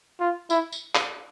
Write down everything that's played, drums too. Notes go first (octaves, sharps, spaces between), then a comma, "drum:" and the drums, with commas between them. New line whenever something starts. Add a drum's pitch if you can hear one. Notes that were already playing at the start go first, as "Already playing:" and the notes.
F4
E4, drum: tambourine
drum: tambourine
drum: clap